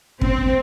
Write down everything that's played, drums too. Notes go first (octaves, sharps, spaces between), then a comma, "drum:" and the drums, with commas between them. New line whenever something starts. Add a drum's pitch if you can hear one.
C4, drum: kick